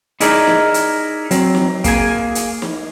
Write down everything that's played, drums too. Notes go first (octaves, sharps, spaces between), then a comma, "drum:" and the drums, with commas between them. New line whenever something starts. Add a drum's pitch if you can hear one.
D#4 E4 G#4 A#4 D5, drum: hi-hat
drum: snare
drum: hi-hat
F#3 C4, drum: hi-hat
drum: snare
A#3 G#4 G#5, drum: kick, hi-hat
drum: hi-hat
drum: snare